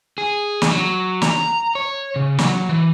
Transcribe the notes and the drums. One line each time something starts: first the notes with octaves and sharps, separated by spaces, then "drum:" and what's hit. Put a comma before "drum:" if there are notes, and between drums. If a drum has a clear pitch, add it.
G#4
drum: snare
F#3
A#5, drum: snare
C#5
C#3
F#3, drum: snare
E3